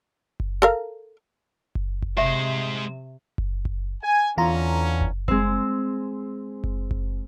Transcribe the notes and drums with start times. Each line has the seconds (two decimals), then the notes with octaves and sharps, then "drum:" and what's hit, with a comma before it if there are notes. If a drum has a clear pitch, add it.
0.40 drum: kick F#1
0.62 A4 A#4 F5
1.75 drum: kick F#1
2.02 drum: kick F#1
2.17 C3 G#3 G4 C5 E5
3.38 drum: kick F#1
3.65 drum: kick F#1
4.03 G#5
4.38 E2 D3 E3 C#4 F4 A#5
5.01 drum: kick F#1
5.28 G#3 C4, drum: kick F#1
6.64 drum: kick F#1
6.91 drum: kick F#1